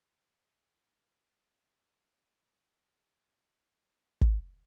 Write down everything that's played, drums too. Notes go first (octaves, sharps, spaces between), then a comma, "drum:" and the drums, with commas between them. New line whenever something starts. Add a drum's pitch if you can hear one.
G7
C#7
A#6
A6
G7
F6
A6
E7
F#7
F#6
F5
F4
B4
A#3 C#4 D4 C#5 F5 G5
drum: kick